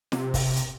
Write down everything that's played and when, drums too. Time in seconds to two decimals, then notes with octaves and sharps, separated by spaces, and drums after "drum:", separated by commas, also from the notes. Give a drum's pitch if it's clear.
0.12 C3, drum: snare
0.34 drum: kick, open hi-hat
0.56 drum: hi-hat